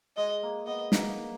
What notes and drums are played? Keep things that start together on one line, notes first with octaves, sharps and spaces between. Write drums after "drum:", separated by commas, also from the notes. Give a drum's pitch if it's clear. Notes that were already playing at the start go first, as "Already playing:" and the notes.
G#3 D#5
A#3
B3 D#5
A#3, drum: snare